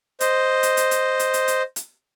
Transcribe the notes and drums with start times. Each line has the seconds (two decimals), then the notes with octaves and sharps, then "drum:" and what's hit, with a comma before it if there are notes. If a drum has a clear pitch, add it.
0.20 C5 D#5, drum: hi-hat
0.63 drum: hi-hat
0.77 drum: hi-hat
0.91 drum: hi-hat
1.19 drum: hi-hat
1.34 drum: hi-hat
1.48 drum: hi-hat
1.76 drum: hi-hat